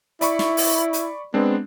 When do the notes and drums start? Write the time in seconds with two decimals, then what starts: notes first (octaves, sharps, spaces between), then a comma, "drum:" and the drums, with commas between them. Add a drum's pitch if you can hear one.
0.21 E4 D5 B5 C#6, drum: hi-hat
0.39 drum: snare
0.57 drum: open hi-hat
0.93 drum: hi-hat
1.34 G#3 B3 C4 D4